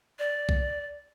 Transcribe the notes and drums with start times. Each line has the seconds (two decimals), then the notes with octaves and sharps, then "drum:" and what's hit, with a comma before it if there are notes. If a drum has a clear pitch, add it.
0.19 D5
0.49 drum: kick